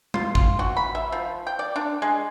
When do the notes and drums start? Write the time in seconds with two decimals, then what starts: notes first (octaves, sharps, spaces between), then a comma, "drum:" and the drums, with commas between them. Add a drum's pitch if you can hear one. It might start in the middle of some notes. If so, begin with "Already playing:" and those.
0.14 F4, drum: tom G#3
0.35 F4, drum: kick
0.59 F#4
0.77 B5
0.95 E5
1.12 F3
1.47 G5
1.59 D5
1.76 D4
2.02 G#3